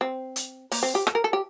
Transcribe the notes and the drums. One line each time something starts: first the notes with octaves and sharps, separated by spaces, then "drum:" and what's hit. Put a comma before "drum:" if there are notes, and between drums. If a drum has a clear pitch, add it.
C4
drum: hi-hat
A#3, drum: open hi-hat
C4
G4
A4, drum: rim click
A#4
A4
G4